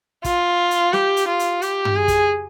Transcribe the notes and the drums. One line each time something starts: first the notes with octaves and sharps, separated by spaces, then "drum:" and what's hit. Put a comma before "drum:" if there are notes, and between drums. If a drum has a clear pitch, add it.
F4, drum: kick, hi-hat
drum: hi-hat
G4, drum: snare
drum: hi-hat
F4
drum: hi-hat
G4, drum: hi-hat
drum: tom
G#4
drum: kick, hi-hat